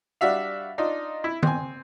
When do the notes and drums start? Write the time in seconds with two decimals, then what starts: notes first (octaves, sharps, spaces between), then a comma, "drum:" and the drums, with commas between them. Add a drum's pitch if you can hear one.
0.21 G3 D4 F#4 E5 F5
0.78 D4 D#4 F4
1.24 E4
1.43 C4 G#5, drum: tom